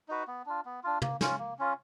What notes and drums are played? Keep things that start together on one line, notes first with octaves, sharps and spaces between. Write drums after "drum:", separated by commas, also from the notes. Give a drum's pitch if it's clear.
D#4 F#4 B4
B3
D4 F4
B3
D4 F4
A#3, drum: tom
C#4 F4, drum: snare
A#3
C#4 F4